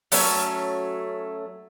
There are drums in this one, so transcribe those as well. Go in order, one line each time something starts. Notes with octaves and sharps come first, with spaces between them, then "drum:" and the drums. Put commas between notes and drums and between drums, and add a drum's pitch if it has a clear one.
F#3 A3 C#4, drum: open hi-hat